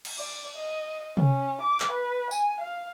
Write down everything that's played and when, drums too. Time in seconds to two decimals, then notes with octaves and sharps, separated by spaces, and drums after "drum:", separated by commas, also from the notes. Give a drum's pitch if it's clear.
0.05 drum: cymbal
0.18 D5
0.57 D#5
1.17 C#4, drum: tom C3
1.62 D6
1.80 drum: clap
1.92 B4
2.31 G#5, drum: tambourine
2.61 F5